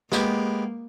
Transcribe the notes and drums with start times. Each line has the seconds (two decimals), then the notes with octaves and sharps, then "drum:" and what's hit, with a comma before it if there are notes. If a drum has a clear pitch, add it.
0.12 G#3 A#3 B3 G4, drum: snare